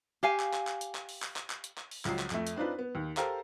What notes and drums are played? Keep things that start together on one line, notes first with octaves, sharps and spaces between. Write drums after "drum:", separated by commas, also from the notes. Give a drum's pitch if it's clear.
G4 F5 G#5
drum: clap
drum: clap
drum: clap
drum: hi-hat
drum: clap
drum: open hi-hat
drum: clap
drum: clap
drum: clap
drum: hi-hat
drum: clap
drum: open hi-hat
C#2 F3 F#3 C7, drum: clap
drum: clap
F2 A3, drum: clap
drum: hi-hat
C4 D4 D#4 F4 B4
B3
D#2
G4 A4 A#4 C5 F5, drum: clap